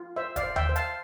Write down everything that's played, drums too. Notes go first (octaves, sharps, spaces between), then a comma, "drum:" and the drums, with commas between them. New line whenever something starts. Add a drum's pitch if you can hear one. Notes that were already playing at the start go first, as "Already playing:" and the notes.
Already playing: F4
C5 E5
D5 F5, drum: kick E1, hi-hat
C5
E5 G5, drum: tom D#2
C5
F5 A5, drum: hi-hat